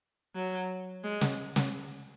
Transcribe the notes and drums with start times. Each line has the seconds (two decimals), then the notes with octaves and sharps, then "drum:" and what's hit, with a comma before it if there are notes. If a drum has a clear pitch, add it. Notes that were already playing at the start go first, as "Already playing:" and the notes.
0.35 F#3
1.04 G#3
1.21 drum: snare
1.56 drum: snare